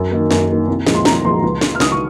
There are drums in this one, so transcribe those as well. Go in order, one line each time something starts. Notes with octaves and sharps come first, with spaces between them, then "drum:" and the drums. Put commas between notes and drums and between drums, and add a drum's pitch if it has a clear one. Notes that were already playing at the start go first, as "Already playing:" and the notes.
Already playing: F#2
D#3 A#3
F#2, drum: snare
D#3 A#3
C2
A#2 F3 G#3, drum: snare
C6
C2 A#5, drum: snare
A#2 F3 G#3 C6
C#2
C#3 G#3, drum: snare
F6
C#2 D#6, drum: snare
C#6